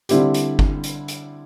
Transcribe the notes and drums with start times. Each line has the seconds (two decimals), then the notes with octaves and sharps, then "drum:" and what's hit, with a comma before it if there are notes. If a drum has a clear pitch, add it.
0.09 D3 G3 C4 E4 G4, drum: hi-hat
0.34 drum: hi-hat
0.59 drum: kick G1
0.84 drum: hi-hat
1.08 drum: hi-hat